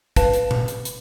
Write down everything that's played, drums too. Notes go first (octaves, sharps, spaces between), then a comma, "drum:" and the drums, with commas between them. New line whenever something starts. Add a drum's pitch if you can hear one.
B4 F5 A5, drum: kick, hi-hat
drum: hi-hat
drum: tom A#2
drum: hi-hat
drum: hi-hat